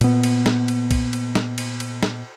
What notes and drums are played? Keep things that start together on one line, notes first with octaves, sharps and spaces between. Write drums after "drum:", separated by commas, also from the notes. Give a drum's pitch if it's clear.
A#2 B3, drum: cymbal
drum: cymbal
drum: snare
drum: cymbal
drum: kick, cymbal
drum: cymbal
drum: snare
drum: cymbal
drum: cymbal
drum: snare